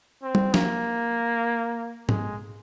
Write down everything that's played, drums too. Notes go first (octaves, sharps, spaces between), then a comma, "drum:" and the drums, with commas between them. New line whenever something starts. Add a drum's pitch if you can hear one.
C4
drum: tom
A#3, drum: snare
G#3, drum: tom G#2